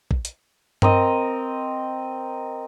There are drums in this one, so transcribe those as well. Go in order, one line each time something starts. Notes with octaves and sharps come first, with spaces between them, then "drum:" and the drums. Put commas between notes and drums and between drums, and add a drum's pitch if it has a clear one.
drum: kick
drum: hi-hat
C4 A#4 D#5, drum: tom G2